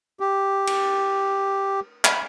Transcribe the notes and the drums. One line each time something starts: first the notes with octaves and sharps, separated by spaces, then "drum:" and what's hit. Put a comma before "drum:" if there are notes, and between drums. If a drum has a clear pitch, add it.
G4
drum: cymbal
B5, drum: clap